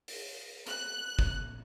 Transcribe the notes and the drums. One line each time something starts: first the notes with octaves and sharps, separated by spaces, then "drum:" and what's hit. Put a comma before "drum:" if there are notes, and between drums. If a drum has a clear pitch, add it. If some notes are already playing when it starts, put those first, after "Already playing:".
drum: open hi-hat
F#6, drum: hi-hat
drum: kick